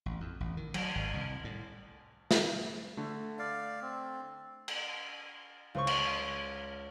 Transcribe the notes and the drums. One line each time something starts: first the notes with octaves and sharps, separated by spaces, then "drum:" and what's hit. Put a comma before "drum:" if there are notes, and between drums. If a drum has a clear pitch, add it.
A1
F2
A1
D#3
F#3, drum: cymbal
G#1
C2
A2
drum: snare
D3 A3
D5 F5
C4
drum: cymbal
C#2 C5 C#6
drum: cymbal